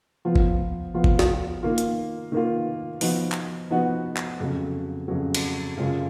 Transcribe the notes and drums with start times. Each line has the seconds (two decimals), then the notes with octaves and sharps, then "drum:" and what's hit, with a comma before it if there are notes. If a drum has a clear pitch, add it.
0.25 F3 B3 F4
0.36 drum: kick G1
0.94 F3 B3 F4
1.04 drum: kick G1
1.19 drum: snare
1.63 D#3 A#3 F4
1.78 drum: hi-hat
2.32 D#3 A#3 F4
3.01 F3 B3 D#4 F#4, drum: open hi-hat
3.32 drum: clap
3.70 F3 B3 D#4 F#4
4.17 drum: clap
4.40 F2 C#3 F#3
5.08 F2 C#3 F#3
5.35 drum: cymbal
5.77 F#2 C#3 G#3 C#4 F4